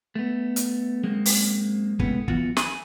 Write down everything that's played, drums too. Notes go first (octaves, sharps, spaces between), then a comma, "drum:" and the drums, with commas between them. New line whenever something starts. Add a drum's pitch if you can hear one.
A3 B3
drum: hi-hat
F#2 G#3 A#3 C4
drum: open hi-hat
C3 E3 G#3 A3 B3 C#4, drum: kick
E3 F#3 B3 F4 F#4, drum: kick
G#5 B5, drum: snare